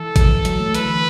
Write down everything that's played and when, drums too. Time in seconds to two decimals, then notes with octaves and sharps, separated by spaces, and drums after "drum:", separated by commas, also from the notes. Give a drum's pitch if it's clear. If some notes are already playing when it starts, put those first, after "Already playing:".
Already playing: E3 A4
0.16 drum: kick G#1, hi-hat
0.45 F#3, drum: hi-hat
0.60 A3
0.74 E3 B4, drum: hi-hat
0.85 D3